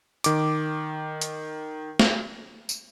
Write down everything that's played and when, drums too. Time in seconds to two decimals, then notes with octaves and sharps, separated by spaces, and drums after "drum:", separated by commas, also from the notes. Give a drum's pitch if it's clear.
0.24 D#3 D6, drum: hi-hat
1.21 drum: hi-hat
1.99 drum: snare
2.69 drum: tambourine